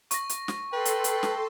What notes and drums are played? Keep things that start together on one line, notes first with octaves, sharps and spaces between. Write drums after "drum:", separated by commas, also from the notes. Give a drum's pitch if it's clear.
C#6 A#6, drum: hi-hat
drum: hi-hat
drum: snare
A4 B4 G5 C6
drum: hi-hat
drum: hi-hat
drum: snare